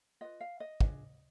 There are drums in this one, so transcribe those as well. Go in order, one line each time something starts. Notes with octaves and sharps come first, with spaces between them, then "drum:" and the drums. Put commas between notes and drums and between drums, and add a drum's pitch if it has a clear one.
F4 B4 D#5
F5
D#5
D4 F4 G#4, drum: kick